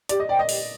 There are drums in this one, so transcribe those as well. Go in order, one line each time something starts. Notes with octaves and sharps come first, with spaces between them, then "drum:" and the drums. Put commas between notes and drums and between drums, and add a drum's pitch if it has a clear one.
G4 D5, drum: hi-hat
D#5
C5 D5 G5
D#5
G4, drum: open hi-hat